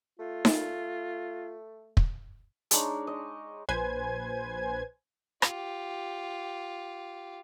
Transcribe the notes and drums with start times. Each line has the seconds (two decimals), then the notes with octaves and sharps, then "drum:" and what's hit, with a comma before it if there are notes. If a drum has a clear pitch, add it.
0.19 A3 F4
0.45 drum: snare D#4
1.97 drum: kick
2.71 G#3 D4 D#4 C#5, drum: hi-hat
3.07 D#5
3.69 A#1 B4 C5 G#5 G#6
5.42 F4 G4, drum: rim click